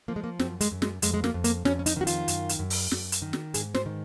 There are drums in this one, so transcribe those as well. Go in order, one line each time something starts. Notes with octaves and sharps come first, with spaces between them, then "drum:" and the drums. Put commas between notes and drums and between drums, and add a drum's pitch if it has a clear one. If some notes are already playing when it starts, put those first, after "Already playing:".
F3 A#3
G#3
A#3
F#2 C4, drum: snare
G#3, drum: hi-hat
F#2
G#3, drum: snare
F2 G#3, drum: hi-hat
G#3
A#3, drum: snare
F2
A#3, drum: hi-hat
F2 C#4, drum: snare
C#4
D#4, drum: hi-hat
D#3 F#4
F4, drum: hi-hat
F#2, drum: hi-hat
drum: hi-hat
F#2
drum: open hi-hat
F#2, drum: snare
drum: hi-hat
D#3
drum: snare
G#2 G#4, drum: hi-hat
C5, drum: snare
D#3